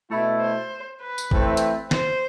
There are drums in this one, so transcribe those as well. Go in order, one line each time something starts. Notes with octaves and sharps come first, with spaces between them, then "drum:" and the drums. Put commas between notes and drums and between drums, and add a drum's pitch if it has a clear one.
B2 A3 E4
C5
B4
drum: tambourine
E3 A3 C4, drum: kick
drum: hi-hat
C5, drum: snare